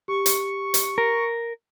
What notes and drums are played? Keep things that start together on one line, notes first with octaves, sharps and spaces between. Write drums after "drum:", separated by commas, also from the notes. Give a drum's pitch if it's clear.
G4 C#6
drum: hi-hat
drum: hi-hat
A#4